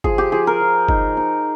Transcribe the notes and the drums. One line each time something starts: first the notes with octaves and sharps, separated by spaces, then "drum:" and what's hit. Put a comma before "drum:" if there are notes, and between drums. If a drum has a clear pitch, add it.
F3 G#4, drum: kick
G4
F3 G#4
A#4
F3
D#4, drum: kick
D#4